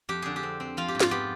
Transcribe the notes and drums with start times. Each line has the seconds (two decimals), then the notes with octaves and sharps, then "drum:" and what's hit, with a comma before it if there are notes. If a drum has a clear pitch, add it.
0.09 F2 G4
0.22 D3 G#4
0.36 G4
0.43 C4
0.60 C4
0.77 F3 F4
0.88 G4
0.95 G#2
1.00 F4, drum: snare
1.11 B3 G4